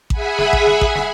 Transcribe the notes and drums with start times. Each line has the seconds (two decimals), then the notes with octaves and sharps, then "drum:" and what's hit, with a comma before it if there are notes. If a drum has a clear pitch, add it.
0.10 G#4 E5 F#5 G#5 B5, drum: kick A1
0.39 drum: snare
0.53 drum: kick A1
0.67 drum: snare
0.81 drum: kick A1
0.96 drum: snare